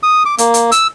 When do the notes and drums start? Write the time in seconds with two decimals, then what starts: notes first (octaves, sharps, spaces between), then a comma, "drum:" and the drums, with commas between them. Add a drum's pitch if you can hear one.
0.03 D#6
0.25 D6
0.38 A#3, drum: hi-hat
0.54 drum: hi-hat
0.72 E6, drum: hi-hat